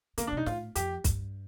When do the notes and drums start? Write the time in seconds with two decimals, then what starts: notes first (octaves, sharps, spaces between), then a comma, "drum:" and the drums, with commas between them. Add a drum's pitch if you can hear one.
0.18 D3 A#3, drum: hi-hat
0.27 D4
0.32 C3 D#4
0.46 A2 F4, drum: snare
0.75 F2 G4, drum: hi-hat
1.04 G2, drum: kick, hi-hat